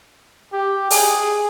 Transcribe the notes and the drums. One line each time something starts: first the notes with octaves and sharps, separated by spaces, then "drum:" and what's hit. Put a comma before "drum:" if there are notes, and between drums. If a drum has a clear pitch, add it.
G4
G#4, drum: open hi-hat